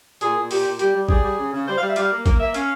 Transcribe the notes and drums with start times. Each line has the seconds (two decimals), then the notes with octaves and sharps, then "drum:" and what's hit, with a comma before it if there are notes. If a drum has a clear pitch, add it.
0.21 A#2 G#4, drum: hi-hat
0.36 A#2
0.51 A#2 G4, drum: open hi-hat
0.65 A#2
0.79 G3 G4, drum: hi-hat
0.95 G3
1.09 G3 G#4, drum: kick G#1
1.24 G3
1.38 C#3
1.52 C#3
1.67 G3 C5
1.78 F5
1.82 G3 E5
1.96 G3 F5, drum: hi-hat
2.11 A#3
2.26 A#3, drum: kick G#1, hi-hat
2.40 A#3 E5
2.54 C#4 F5, drum: hi-hat